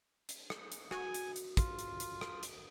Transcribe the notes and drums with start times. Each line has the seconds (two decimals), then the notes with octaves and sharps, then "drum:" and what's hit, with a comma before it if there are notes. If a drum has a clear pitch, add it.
0.29 drum: hi-hat
0.50 drum: rim click
0.72 drum: hi-hat
0.91 F#4 G#5, drum: rim click
1.14 drum: hi-hat
1.36 drum: hi-hat
1.57 F4, drum: kick, hi-hat
1.79 drum: hi-hat
2.00 drum: hi-hat
2.21 drum: rim click
2.43 drum: hi-hat